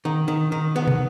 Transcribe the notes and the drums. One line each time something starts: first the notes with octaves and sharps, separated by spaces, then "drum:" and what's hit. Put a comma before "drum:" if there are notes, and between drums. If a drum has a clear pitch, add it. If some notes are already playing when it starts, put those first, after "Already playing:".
D#3
D#3
D#3
B3
drum: tom